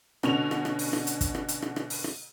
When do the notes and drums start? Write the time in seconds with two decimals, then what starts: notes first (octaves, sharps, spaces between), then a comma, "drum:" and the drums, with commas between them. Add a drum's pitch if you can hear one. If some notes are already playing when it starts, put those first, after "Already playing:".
0.23 B2 D3 C#4 F#4 F7, drum: rim click
0.51 drum: rim click
0.65 drum: rim click
0.79 drum: open hi-hat
0.93 drum: rim click
1.07 drum: hi-hat
1.21 drum: kick, hi-hat
1.35 drum: rim click
1.48 drum: hi-hat
1.62 drum: rim click
1.76 drum: rim click
1.90 drum: open hi-hat
2.04 drum: rim click